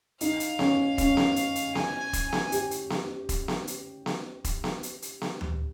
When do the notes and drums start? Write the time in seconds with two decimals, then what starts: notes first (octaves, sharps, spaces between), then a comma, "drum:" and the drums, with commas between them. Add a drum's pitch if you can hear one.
0.21 D#4 F5, drum: hi-hat
0.40 drum: hi-hat
0.59 C#4, drum: snare B3
0.98 C#4 F5, drum: kick E1, hi-hat
1.17 drum: snare B3
1.36 drum: hi-hat
1.55 drum: hi-hat
1.75 G#5, drum: snare B3
2.13 drum: kick E1, hi-hat
2.33 drum: snare B3
2.52 G4, drum: hi-hat
2.71 drum: hi-hat
2.90 drum: snare B3
3.29 drum: kick E1, hi-hat
3.48 drum: snare B3
3.67 drum: hi-hat
4.06 drum: snare B3
4.44 drum: kick E1, hi-hat
4.64 drum: snare B3
4.83 drum: hi-hat
5.02 drum: hi-hat
5.22 drum: snare B3
5.41 drum: tom D2